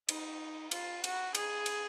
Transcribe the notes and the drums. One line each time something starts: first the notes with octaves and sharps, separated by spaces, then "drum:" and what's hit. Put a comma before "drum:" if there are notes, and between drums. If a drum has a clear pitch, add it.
D#4, drum: cymbal
F4, drum: cymbal
F#4, drum: cymbal
G#4, drum: cymbal
drum: cymbal